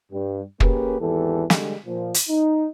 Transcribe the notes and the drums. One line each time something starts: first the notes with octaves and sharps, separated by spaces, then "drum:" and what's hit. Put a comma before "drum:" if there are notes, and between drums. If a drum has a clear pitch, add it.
G2 G3
A#3 C#4 G4 G#4 A#4 B4, drum: kick
G#1 E2 E3 G4 A4
D3 G3 G#3, drum: snare
A#2 F3
drum: hi-hat
D#4